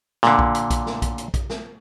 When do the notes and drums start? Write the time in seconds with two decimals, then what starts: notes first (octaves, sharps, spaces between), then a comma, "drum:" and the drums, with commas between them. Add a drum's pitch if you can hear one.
0.23 A#2 D3, drum: snare
0.39 drum: kick A#1
0.55 drum: hi-hat
0.70 drum: kick A#1, hi-hat
0.86 drum: snare
1.02 drum: kick A#1, hi-hat
1.18 drum: hi-hat
1.34 drum: kick A#1, hi-hat
1.50 drum: snare